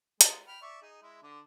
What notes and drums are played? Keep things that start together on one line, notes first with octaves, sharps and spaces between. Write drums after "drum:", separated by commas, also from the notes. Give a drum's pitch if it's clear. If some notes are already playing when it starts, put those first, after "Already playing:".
G#3 G#4, drum: hi-hat
G5 B5 F6
D5 E5 C#6
D#4 G#4
G#3 E4
D3 D4